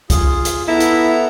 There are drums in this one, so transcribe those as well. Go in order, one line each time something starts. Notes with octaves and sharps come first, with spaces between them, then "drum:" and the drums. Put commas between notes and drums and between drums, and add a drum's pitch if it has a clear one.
F4 G#4, drum: kick, hi-hat
drum: hi-hat
B3 E4 A4 A#5
drum: hi-hat